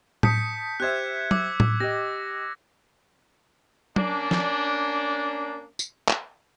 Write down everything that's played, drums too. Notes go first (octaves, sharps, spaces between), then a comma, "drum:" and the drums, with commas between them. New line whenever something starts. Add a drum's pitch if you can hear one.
A5 D#6 G6 B6 C#7, drum: tom A2
G4 C5 E5 F#6 G#6
D6 E6, drum: tom
drum: tom A2
G4 D#5 A#6
A#3 C#4 D4, drum: tom
drum: snare F3
drum: tambourine
drum: clap